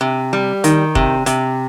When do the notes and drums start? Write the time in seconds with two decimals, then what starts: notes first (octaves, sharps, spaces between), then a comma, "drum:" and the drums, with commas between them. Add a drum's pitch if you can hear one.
0.01 C3
0.33 G3
0.64 D#3, drum: hi-hat
0.95 C3, drum: kick
1.26 C3, drum: hi-hat